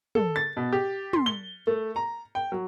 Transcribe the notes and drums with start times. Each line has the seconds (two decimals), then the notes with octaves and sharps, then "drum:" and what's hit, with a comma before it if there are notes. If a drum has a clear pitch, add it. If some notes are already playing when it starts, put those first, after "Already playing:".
0.15 A4, drum: tom
0.36 A6
0.57 B2
0.73 G4
1.13 C6, drum: tom
1.26 G7
1.67 A3
1.96 A#5
2.35 G5
2.52 F#3